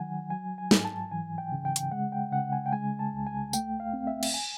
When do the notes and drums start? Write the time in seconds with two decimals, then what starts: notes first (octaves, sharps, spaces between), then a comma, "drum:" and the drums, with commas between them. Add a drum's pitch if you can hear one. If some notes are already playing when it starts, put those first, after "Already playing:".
Already playing: D#3 F#3 F#5 G#5
0.30 F#3 G#5
0.58 G#5
0.71 G#2, drum: snare
0.85 A5
1.11 E3 G#5
1.38 G5
1.52 C#3
1.65 G5
1.76 drum: hi-hat
1.91 G#3 F#5
2.12 G5
2.32 C#3 F#5
2.53 G#5
2.66 G5
2.72 G#3 G#5
2.99 A5
3.13 C2
3.27 G#5
3.53 A3 G5, drum: tambourine
3.80 F5
3.93 C4
4.07 E5
4.23 drum: cymbal
4.34 G#5